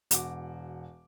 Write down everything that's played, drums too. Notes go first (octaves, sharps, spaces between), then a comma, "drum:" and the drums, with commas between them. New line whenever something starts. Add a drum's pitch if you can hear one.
E1 F#4 D6, drum: hi-hat